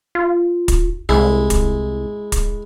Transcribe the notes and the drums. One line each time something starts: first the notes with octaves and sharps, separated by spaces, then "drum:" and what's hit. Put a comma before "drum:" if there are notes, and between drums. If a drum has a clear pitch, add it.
F4
drum: kick, hi-hat
C2 G#3 E4
drum: kick, hi-hat
drum: kick, hi-hat